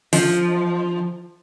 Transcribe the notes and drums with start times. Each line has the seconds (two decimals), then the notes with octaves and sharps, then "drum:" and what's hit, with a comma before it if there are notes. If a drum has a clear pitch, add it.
0.13 F3, drum: open hi-hat